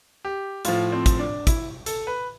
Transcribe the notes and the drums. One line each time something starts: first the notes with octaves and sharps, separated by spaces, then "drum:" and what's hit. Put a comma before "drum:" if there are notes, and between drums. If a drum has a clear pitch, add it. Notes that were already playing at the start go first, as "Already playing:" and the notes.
G4
A2 F3 F4, drum: hi-hat
C4
drum: kick, hi-hat
D4
E4, drum: kick, hi-hat
A4, drum: hi-hat
B4